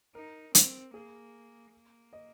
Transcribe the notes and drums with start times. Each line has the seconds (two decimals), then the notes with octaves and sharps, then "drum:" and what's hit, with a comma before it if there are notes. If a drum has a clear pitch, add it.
0.15 D#4 A#4
0.55 C4, drum: hi-hat
0.94 A#3 G#4
1.73 A#3
2.13 D#5